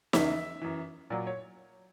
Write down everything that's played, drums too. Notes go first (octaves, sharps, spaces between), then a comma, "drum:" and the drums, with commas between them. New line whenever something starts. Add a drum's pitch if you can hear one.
E2 C#3 E3 E5, drum: snare
F#2 E3
A#2 F#3 D5
C#5